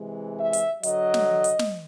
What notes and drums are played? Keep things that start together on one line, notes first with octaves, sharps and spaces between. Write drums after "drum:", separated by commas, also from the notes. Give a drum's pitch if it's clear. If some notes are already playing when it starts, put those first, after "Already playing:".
Already playing: C3 E3 G#3
E5
drum: hi-hat
D3 F#3 D#5, drum: hi-hat
drum: snare
drum: hi-hat
drum: snare